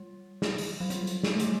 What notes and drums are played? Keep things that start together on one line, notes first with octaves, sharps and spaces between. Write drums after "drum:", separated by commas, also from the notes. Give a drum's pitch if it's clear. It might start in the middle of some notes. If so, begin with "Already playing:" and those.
Already playing: G3
drum: snare
drum: open hi-hat
F#3
G3, drum: hi-hat
drum: hi-hat
drum: snare
A3
G3, drum: hi-hat